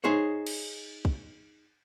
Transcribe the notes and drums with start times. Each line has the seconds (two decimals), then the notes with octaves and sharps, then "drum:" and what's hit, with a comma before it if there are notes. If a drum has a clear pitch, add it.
0.04 D#4 G#4 C5 C#5
0.47 drum: cymbal
1.05 drum: kick